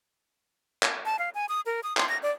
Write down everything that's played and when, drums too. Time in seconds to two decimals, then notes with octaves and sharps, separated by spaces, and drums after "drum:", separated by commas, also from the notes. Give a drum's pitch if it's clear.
0.83 drum: clap
1.05 A5
1.19 F5
1.35 G#5
1.49 D#6
1.66 A#4
1.83 D#6
1.97 C6, drum: clap
2.09 A#6
2.23 D5